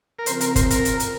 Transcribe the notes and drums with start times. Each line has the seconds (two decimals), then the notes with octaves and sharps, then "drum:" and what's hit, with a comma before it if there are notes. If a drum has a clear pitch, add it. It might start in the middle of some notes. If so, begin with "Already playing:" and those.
0.19 A#4
0.26 C#3 F3 C4 C5, drum: hi-hat
0.41 A#4, drum: hi-hat
0.56 C5, drum: kick, hi-hat
0.70 A#4, drum: hi-hat
0.85 drum: hi-hat
1.00 drum: hi-hat